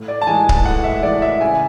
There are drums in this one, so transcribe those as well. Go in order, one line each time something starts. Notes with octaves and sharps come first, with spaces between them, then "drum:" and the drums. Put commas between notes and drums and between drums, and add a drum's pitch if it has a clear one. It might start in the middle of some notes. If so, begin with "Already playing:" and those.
Already playing: A2
D5
A5
E3 G#3 G#5
drum: kick C#1
A2 F#5
E5
E3 G#3 D5
E5
C#3 G#5